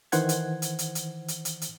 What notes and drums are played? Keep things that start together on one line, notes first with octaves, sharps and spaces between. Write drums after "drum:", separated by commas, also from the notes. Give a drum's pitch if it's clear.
D#3 E3 C5 F#5 G#6, drum: hi-hat
drum: hi-hat
drum: hi-hat
drum: hi-hat
drum: hi-hat
drum: hi-hat
drum: hi-hat
drum: hi-hat